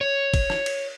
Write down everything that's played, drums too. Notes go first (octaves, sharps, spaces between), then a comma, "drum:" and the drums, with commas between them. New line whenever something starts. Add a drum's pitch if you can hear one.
C#5
drum: kick, cymbal
drum: rim click
drum: cymbal